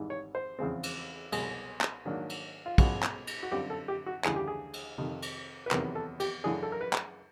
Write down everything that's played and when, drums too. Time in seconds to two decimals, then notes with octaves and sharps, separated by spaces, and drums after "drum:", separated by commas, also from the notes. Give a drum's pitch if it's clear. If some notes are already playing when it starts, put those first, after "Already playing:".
Already playing: G#1 G#2 E3 G3
0.10 C#5
0.35 C5
0.59 E2 C#3 F3 G#3 C4
0.83 drum: cymbal
1.32 C2 B2 F#3 G#4, drum: cymbal
1.81 drum: clap
2.05 G#2 D#3 F#3 A#3 D4
2.30 drum: cymbal
2.66 F4
2.78 C2 B2 G#3 C#4 F4 F#4, drum: kick, cymbal
3.03 drum: clap
3.27 drum: cymbal
3.43 F#4
3.52 F#2 D3 G3 C4 F4 G4
3.70 A4
3.88 G4
4.06 F#4
4.25 D2 C#3 E3 G3 G#4, drum: clap
4.36 G4
4.48 G#4
4.74 drum: cymbal
4.98 F2 C3 D#3
5.22 drum: cymbal
5.66 B4
5.71 E2 C3 D#3 F#3 B3 A#4, drum: clap
5.95 A4
6.20 G4, drum: cymbal
6.44 F#2 C#3 E3 A3 D4 G#4
6.63 A4
6.72 A#4
6.81 B4
6.93 drum: clap